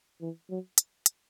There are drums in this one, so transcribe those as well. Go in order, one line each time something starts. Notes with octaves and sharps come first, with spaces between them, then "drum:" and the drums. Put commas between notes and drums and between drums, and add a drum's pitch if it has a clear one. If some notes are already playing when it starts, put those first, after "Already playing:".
E3
F#3
drum: hi-hat
drum: hi-hat